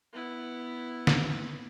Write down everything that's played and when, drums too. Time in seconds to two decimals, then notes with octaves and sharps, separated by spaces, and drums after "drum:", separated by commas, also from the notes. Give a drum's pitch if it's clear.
0.13 B3 E4
1.07 drum: snare